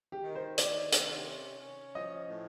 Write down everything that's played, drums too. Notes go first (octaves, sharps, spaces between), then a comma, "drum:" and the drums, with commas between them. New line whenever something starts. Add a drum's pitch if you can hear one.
G4
D#3
C5
D#3 D5, drum: hi-hat
C3, drum: hi-hat
C#4
C#4
F3 D#5
A2